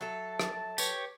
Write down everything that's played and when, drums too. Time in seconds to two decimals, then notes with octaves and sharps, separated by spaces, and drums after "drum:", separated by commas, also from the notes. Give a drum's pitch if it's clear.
0.01 F#3 A4 E5 A5
0.40 drum: rim click
0.78 G4 B4 C#5, drum: tambourine